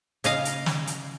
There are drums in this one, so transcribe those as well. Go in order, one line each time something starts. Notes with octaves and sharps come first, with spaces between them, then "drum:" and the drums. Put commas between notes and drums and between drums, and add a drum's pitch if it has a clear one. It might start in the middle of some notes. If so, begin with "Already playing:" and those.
C#3 D#5 F5, drum: hi-hat
drum: hi-hat
drum: snare
drum: hi-hat